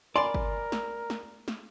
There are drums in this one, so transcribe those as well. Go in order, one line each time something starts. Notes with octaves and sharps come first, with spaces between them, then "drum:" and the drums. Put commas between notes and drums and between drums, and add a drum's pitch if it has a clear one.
A#4 D5 G#5 B5 C6
drum: kick G1
drum: snare
drum: snare
drum: snare